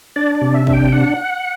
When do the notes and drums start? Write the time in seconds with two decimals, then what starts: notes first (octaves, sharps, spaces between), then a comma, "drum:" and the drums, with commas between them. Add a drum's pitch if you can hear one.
0.16 D4 D5
0.35 D5
0.41 C3
0.54 E5
0.67 D4, drum: kick
0.73 G5
0.92 D4 F#5